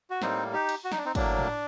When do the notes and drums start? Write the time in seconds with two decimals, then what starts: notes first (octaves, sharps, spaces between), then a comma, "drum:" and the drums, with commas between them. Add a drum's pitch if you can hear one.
0.10 F#4
0.22 A2 G3 A#3 C4 D#4, drum: snare
0.53 D#4 G4
0.69 drum: cymbal
0.84 F#4
0.92 D#4, drum: snare
0.98 D4
1.05 C4 D#4
1.15 A2 F#3 A#3 D4, drum: kick, cymbal
1.39 drum: tom A2